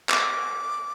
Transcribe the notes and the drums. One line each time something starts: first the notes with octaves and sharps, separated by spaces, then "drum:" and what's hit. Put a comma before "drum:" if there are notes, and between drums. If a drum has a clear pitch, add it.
D6, drum: clap